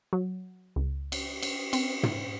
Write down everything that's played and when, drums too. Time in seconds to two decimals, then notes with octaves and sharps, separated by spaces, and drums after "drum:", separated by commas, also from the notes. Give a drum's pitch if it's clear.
0.13 F#3
0.76 C#2
1.12 drum: cymbal
1.42 drum: cymbal
1.73 C4, drum: cymbal
2.03 drum: tom